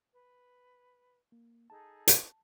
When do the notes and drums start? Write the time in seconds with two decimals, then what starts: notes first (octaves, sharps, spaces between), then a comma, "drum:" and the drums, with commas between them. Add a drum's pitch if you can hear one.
0.13 B4
1.32 A#3
1.70 D#4 G#4 A4 A5
2.08 drum: hi-hat